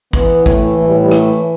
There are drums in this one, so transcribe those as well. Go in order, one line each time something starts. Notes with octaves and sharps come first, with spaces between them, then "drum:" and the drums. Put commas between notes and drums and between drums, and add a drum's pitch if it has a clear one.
E3 B3, drum: kick A1
A2
A3, drum: kick A1
E3
A2 A3
G3
E3 G3
A3, drum: rim click
E3